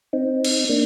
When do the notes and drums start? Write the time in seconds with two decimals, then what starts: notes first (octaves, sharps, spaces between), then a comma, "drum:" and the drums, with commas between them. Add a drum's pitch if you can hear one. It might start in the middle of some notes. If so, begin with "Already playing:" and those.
0.13 C4 D#4
0.44 drum: cymbal
0.69 A#3 D4